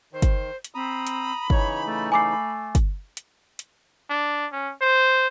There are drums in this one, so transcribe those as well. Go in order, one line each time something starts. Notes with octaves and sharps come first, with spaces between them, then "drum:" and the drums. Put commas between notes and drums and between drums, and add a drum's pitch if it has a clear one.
D#3 C5
drum: kick, hi-hat
drum: hi-hat
C4 A#5 B5 D#6
drum: hi-hat
C#3 E3 D#4 C#5, drum: kick
A3
A3 G#5 D6 C7
drum: kick, hi-hat
drum: hi-hat
drum: hi-hat
D4
C#4
C5